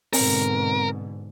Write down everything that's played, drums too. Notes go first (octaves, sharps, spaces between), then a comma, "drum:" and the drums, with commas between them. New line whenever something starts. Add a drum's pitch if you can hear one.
G#2 B2 D3 C4 A#4, drum: open hi-hat